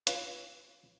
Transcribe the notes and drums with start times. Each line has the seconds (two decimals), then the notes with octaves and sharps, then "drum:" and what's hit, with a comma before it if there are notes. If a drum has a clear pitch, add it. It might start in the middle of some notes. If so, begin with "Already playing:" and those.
0.07 C#4 F4 B4, drum: hi-hat